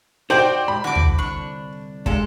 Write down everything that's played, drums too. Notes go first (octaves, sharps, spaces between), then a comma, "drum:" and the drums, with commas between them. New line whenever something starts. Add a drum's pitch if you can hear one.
D#4 F#4 C5 D5 G5 G6
G#2 B5
C2 D3 F#4 D6
drum: tom
D4 C#6
G2 G#3 A4 F5, drum: kick